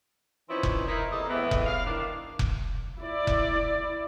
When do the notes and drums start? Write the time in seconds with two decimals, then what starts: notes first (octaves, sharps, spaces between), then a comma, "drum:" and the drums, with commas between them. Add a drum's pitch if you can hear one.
0.49 E3 F3 C4 C#4 D#4 E4
0.63 drum: kick F1
0.87 D#4 E4 A#4
1.11 E2 C3 A#3 A4 D#5
1.29 F2 A2 E3 G#3 B3
1.51 drum: kick F1
1.66 F5
1.86 D#3 D4 E4
2.39 drum: kick F1
3.00 E4 D5
3.27 drum: kick F1